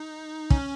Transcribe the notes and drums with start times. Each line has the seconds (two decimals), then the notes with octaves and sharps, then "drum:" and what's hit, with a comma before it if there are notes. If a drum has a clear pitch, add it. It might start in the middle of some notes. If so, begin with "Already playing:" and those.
Already playing: D#4
0.50 C#4, drum: kick